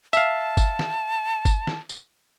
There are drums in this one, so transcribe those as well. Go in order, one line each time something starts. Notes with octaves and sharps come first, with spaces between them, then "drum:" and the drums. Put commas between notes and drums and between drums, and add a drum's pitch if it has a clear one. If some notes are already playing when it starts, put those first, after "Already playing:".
E5 F5 A5, drum: tambourine
drum: kick G1, tambourine
drum: snare
drum: kick G1, tambourine
drum: snare
drum: tambourine